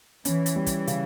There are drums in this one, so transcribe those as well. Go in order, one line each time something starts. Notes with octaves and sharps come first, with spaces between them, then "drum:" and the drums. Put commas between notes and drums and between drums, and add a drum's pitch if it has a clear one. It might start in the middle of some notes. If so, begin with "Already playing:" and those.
E3 C#4, drum: hi-hat
drum: hi-hat
G3
drum: kick, hi-hat
C#3, drum: hi-hat